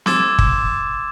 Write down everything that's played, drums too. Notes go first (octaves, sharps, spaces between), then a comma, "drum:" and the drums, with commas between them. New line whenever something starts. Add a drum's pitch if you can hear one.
C6 D6 E6 G#6 A6 E7, drum: snare C4
drum: kick